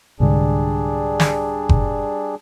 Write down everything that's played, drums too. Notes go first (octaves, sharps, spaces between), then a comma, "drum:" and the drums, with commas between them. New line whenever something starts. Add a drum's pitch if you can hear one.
C2 G#2 D3 G3 D4 G#4
drum: snare
drum: kick F#1